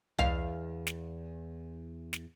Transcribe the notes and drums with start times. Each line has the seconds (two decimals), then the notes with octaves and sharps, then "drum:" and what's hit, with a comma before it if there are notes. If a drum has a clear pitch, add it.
0.18 E2 F5, drum: tom C2
0.87 drum: snare
2.13 drum: snare